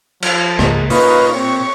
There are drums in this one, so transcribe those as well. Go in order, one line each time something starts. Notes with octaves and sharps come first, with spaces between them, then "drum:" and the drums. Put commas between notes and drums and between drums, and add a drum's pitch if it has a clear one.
F3, drum: cymbal
C#2 G#2 A#3, drum: rim click
A#2 C#4 D#4 F4 B4, drum: open hi-hat
C4 C#5